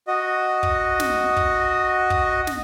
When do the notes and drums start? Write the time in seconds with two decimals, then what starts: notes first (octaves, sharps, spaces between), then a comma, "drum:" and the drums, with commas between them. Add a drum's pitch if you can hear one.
0.07 F#4 D#5
0.63 drum: kick
1.00 drum: snare
1.37 drum: kick
2.10 drum: kick
2.47 drum: snare